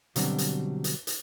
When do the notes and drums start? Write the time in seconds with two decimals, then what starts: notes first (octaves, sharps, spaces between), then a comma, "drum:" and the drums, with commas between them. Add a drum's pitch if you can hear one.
0.16 B2 D3 F#3 G3 C4, drum: hi-hat
0.38 drum: hi-hat
0.84 drum: hi-hat
1.07 drum: hi-hat